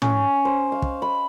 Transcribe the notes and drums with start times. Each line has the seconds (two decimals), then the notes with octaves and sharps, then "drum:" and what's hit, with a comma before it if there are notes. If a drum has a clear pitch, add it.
0.02 C#4, drum: tom
0.45 C5
0.72 F5
0.82 drum: kick
1.02 B5